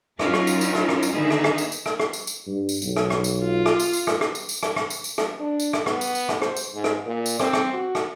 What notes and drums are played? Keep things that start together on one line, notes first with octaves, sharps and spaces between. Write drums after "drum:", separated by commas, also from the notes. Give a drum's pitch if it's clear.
F#3 C#4 D#4 F4 A#4, drum: rim click
drum: rim click
drum: tambourine
drum: tambourine
drum: rim click
drum: rim click
drum: tambourine
D3 D#3 B3 D#4 G#4 E5
drum: rim click
drum: rim click
drum: tambourine
drum: tambourine
drum: rim click
drum: rim click
drum: tambourine
drum: tambourine
G2
drum: tambourine
B1, drum: tambourine
drum: rim click
drum: rim click
drum: tambourine
F4
drum: rim click
drum: tambourine
drum: tambourine
drum: rim click
drum: rim click
drum: tambourine
drum: tambourine
drum: rim click
drum: rim click
drum: tambourine
drum: tambourine
drum: rim click
D4
drum: tambourine
drum: rim click
B3, drum: rim click
drum: tambourine
drum: tambourine
drum: rim click
C5, drum: rim click
drum: tambourine
G#2
drum: rim click
A#2
drum: tambourine
C4, drum: rim click
drum: rim click
F#4
drum: rim click